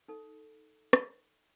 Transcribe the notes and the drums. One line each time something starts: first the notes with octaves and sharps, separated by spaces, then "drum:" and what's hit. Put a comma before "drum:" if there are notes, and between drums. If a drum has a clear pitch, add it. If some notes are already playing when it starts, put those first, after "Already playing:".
D#4 A4
drum: rim click